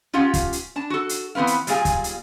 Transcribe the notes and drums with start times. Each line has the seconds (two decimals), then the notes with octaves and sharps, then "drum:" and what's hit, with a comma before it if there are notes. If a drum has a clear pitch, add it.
0.14 C#4 F4 G4 F5 F#5
0.34 drum: kick, hi-hat
0.53 drum: hi-hat
0.76 D4 A5
0.90 F#4 A4
1.09 drum: hi-hat
1.35 E3 B3 C4 B4 F5
1.47 drum: hi-hat
1.67 A#2 G3 F4 G#4 F5 G#5, drum: hi-hat
1.85 drum: kick, hi-hat
2.04 drum: hi-hat